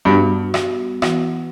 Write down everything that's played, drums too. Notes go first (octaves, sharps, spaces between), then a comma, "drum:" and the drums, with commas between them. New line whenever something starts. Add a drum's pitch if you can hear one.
G2 G3 B3 F#4
drum: rim click
E3 B3 F#4, drum: rim click